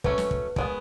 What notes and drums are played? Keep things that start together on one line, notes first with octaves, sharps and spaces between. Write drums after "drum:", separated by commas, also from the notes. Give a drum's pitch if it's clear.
F#3 A3 C#4 B4, drum: kick
drum: snare
drum: kick
D#3 G#3 B3, drum: kick